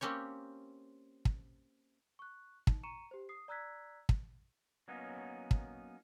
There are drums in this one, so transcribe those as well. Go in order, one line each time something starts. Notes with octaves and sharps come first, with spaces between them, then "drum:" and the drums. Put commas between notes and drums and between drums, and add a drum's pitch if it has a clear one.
A#3 C4 C#4 G4 C#5
drum: kick
C#6 F#6
D#4, drum: kick
A#5 C#6 C#7 D#7 E7
G4 C5
D#6 C7
D5 A#5 E6 F#6 G#6 B6
drum: kick
F#3 A#3 B3 C#4 D#4
drum: kick